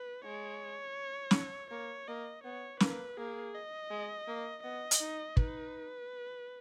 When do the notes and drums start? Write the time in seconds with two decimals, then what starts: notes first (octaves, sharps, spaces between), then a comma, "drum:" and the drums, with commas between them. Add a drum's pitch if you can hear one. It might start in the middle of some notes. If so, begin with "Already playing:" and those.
Already playing: B4
0.25 G#3 C#5
1.31 drum: snare
1.71 A#3 C#5
2.07 A#3 D#5
2.44 B3 C#5
2.80 A#3 B4, drum: snare
3.18 A#3 G#4
3.55 D#5
3.91 G#3
4.28 A#3
4.63 B3 D#5
4.91 drum: hi-hat
5.00 D#4
5.37 D#4 B4, drum: kick